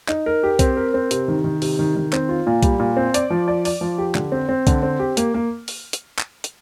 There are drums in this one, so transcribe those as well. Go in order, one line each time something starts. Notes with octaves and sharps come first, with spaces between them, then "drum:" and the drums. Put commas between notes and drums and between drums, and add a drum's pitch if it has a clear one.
D#4, drum: clap
A#4
G4
C4, drum: kick B1, hi-hat
A#4
C4
C3, drum: hi-hat
D#3
D#3
C3, drum: open hi-hat
D#3
D#3
C4, drum: clap
F4
A#2
G3, drum: kick B1, hi-hat
A#2
C4
D5, drum: hi-hat
F3
D5
D5, drum: open hi-hat
F3
G4
D3, drum: clap
C4
C4
D3, drum: kick B1, hi-hat
C4
G4
A#3, drum: hi-hat
A#3
drum: open hi-hat
drum: hi-hat
drum: clap
drum: hi-hat